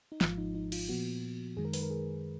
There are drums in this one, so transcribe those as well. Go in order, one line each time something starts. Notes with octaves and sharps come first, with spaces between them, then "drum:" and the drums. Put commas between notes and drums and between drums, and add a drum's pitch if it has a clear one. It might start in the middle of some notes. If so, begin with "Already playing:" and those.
D#4
G#1 G#2 F3 F4, drum: snare
D#4
D#4
F4, drum: cymbal
A#2 F3 B3 F#4
F#2 D#3 G#3 G#4
A#4
B4, drum: open hi-hat
A#4
G#4